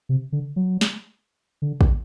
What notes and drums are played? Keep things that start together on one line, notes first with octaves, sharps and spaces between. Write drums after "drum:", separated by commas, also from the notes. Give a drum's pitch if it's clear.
C3
D3
F#3
drum: snare
D3
drum: kick